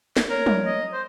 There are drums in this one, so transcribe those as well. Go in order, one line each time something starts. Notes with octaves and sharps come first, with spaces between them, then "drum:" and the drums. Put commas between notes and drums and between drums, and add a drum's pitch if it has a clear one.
drum: snare
A#4 C#5
drum: tom
D#5
C5